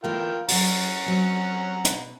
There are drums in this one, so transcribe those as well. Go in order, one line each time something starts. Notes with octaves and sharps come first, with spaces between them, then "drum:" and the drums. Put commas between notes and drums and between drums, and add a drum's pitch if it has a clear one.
E3 A3 B3 F4 A#4 G5
F#3 C#4 F#4 F#5 A#5, drum: open hi-hat
F#3 C4
B2, drum: hi-hat